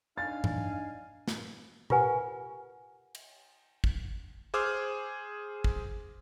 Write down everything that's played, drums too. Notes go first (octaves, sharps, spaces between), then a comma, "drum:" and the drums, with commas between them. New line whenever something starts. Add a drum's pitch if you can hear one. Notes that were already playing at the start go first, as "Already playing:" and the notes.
D4 D#4 F5 G#5 A6
drum: tom G2
drum: snare
F4 G4 A#4 B4 F#5 G#5, drum: tom B2
drum: cymbal
drum: kick
G#4 C5 D6 E6 F6 G#6
drum: kick